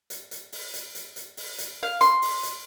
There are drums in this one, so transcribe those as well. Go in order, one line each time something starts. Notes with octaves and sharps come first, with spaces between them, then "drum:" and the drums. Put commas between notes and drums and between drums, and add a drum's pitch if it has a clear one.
drum: hi-hat
drum: hi-hat
drum: open hi-hat
drum: hi-hat
drum: hi-hat
drum: hi-hat
drum: open hi-hat
drum: hi-hat
F5
C6, drum: hi-hat
drum: open hi-hat
drum: hi-hat